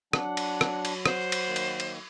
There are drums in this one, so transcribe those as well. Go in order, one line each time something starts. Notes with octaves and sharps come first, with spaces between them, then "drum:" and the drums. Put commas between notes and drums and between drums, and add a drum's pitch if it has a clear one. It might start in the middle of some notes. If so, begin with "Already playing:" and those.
F#3 D4 F#5, drum: rim click
drum: cymbal
drum: rim click
drum: cymbal
C5 F#5, drum: rim click
drum: cymbal
D#3 A#3
drum: cymbal
drum: cymbal